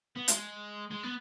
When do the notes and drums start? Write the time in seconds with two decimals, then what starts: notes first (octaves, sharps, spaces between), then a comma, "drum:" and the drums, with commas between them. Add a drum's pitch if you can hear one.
0.16 B3
0.28 G#3, drum: hi-hat
0.91 G#3
1.03 B3